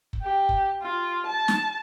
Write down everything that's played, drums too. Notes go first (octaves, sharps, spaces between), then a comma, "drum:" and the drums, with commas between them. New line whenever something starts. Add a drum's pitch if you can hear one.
drum: kick
G4
drum: kick
F4
A5
drum: snare